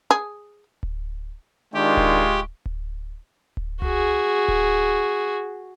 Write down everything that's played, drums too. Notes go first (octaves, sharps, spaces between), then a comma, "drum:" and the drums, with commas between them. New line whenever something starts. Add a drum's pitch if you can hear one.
G#4
drum: kick D1
D#3 G#3 D4 F4 G4 C#6
drum: kick D1
drum: kick D1
drum: kick D1
F#4 G#4, drum: tom C2
drum: kick D1